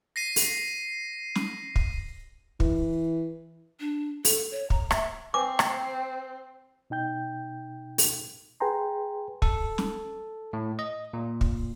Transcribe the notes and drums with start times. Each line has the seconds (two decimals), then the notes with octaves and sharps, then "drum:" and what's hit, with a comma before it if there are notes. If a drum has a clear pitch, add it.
0.16 A#6 C7 D#7
0.36 drum: open hi-hat
1.35 drum: snare
1.76 drum: kick
2.60 E3, drum: kick
3.80 D4
4.25 A4, drum: open hi-hat
4.52 C#5
4.70 A#5, drum: kick
4.91 E5, drum: rim click
5.34 C4 B4 G#5 D6
5.59 drum: rim click
6.90 B2 D#4 G5 G6
7.98 drum: open hi-hat
8.60 G#4 B4 G5 G#5 A#5 C6
9.42 A4, drum: kick
9.78 drum: snare
10.53 A2
10.79 D#5
11.13 A#2
11.41 drum: kick